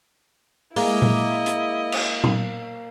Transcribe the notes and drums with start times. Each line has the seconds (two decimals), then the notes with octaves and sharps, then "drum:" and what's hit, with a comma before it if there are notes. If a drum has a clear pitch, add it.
0.76 G#3 A#3 E4 D#5, drum: open hi-hat
1.02 drum: tom A#2
1.46 drum: hi-hat
1.92 drum: cymbal
2.24 drum: tom